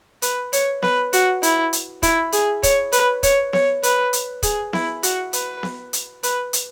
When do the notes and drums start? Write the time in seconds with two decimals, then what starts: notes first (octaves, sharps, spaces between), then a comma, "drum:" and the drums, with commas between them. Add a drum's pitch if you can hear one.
0.22 B4, drum: hi-hat
0.53 C#5, drum: hi-hat
0.82 B4, drum: snare B3
1.13 F#4, drum: hi-hat
1.43 E4, drum: hi-hat
1.73 drum: hi-hat
2.03 E4, drum: kick, hi-hat
2.32 G#4, drum: hi-hat
2.63 C#5, drum: kick, hi-hat
2.92 B4, drum: hi-hat
3.23 C#5, drum: kick, hi-hat
3.53 C#5, drum: snare B3
3.83 B4, drum: hi-hat
4.13 drum: hi-hat
4.43 G#4, drum: kick, hi-hat
4.73 E4, drum: snare B3
5.03 F#4, drum: hi-hat
5.33 B4, drum: hi-hat
5.63 drum: snare B3
5.93 drum: hi-hat
6.23 B4, drum: hi-hat
6.53 drum: hi-hat